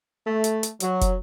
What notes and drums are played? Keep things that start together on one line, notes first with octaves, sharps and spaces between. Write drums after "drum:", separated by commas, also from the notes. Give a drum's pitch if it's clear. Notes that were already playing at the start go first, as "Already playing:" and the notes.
A3
drum: hi-hat
drum: hi-hat
F#3, drum: hi-hat
drum: kick, hi-hat